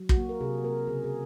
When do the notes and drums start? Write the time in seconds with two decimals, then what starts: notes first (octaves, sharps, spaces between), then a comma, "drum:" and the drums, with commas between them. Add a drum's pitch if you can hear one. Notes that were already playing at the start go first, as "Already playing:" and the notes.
Already playing: F#3
0.09 F#4, drum: kick
0.17 A#3
0.29 A#4
0.41 C3 G#4
0.64 A#3 A#4
0.87 C#3 G#4
1.04 G#4